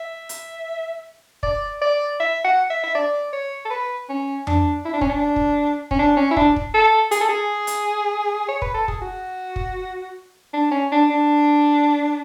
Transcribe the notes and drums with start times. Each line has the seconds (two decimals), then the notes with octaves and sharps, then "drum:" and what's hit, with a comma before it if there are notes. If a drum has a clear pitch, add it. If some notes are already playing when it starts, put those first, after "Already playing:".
Already playing: E5
0.29 drum: hi-hat
1.43 D5, drum: kick
1.82 D5
2.20 E5
2.44 F#5
2.70 E5
2.83 E5
2.95 D5
3.33 C#5
3.65 A4
3.70 B4
4.09 C#4
4.47 D4, drum: tom F2
4.85 E4
4.93 D4
5.01 C#4, drum: kick
5.09 D4
5.36 drum: kick
5.91 C#4, drum: kick
5.99 D4
6.17 C#4
6.31 E4
6.37 D4, drum: kick
6.56 drum: kick
6.74 A4
7.11 G#4, drum: hi-hat
7.21 A4
7.29 G#4
7.67 drum: hi-hat
8.48 C#5
8.62 B4, drum: kick
8.74 A4
8.88 G#4, drum: kick
9.02 F#4
9.56 drum: kick
10.53 D4
10.71 C#4
10.92 D4
11.10 D4